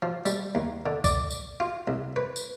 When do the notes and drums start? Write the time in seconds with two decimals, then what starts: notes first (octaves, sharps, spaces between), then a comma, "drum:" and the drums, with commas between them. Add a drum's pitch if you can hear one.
0.02 F3
0.26 G3, drum: tambourine
0.55 D#2
0.86 D3
1.04 D5, drum: kick C2, tambourine
1.31 drum: tambourine
1.60 F4
1.88 C2
2.16 B4
2.36 drum: tambourine